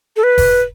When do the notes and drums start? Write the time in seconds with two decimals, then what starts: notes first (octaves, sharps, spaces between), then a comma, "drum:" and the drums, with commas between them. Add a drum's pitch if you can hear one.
0.16 A4
0.23 B4
0.38 drum: kick F1, open hi-hat